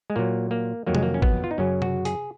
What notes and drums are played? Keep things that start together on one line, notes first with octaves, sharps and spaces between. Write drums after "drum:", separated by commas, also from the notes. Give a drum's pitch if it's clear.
G#3
A#2 F#3 A#3
A#3
F2 D#3 F#3 A#3
G#3, drum: tom C3
A#3
C#4
B3, drum: kick
F4
D#4
F#2 C#3 F#3 C#4
F#4, drum: tom C3
G#4, drum: hi-hat